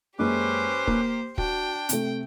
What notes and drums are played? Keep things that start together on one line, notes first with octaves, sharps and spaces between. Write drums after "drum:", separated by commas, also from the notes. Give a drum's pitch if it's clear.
F#2 G#3 A#3 C#4 G4 B4 C5 D6
A#3, drum: kick
D4 F#4 G5, drum: kick
C3 A3, drum: hi-hat